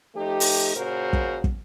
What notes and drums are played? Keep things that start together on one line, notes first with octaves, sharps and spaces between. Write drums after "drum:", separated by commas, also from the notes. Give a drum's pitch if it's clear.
F3 A3 D#4 G4
drum: open hi-hat
A#2 C#3 F#4 A#4 C5
drum: kick
drum: kick